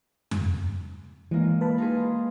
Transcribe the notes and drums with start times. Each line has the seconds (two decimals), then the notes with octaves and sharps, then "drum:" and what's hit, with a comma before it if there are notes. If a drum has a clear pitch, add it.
0.31 drum: tom F2
1.31 E3 G#3 A#3
1.61 B4 A5 B5
1.78 D#4 F4 G#4